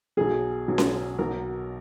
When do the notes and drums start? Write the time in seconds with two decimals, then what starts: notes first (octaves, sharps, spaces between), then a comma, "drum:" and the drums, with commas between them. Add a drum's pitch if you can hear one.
0.17 B1 B2 F#3 G#4
0.68 B1 B2 F#3
0.78 drum: snare C#4
1.19 B1 B2 F#3 A#4